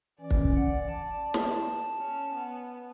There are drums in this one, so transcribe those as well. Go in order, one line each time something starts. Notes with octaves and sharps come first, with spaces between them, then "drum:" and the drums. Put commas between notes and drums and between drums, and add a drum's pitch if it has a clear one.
E3 C#4 D5
drum: kick
F#5
A5
drum: snare
C#4
B3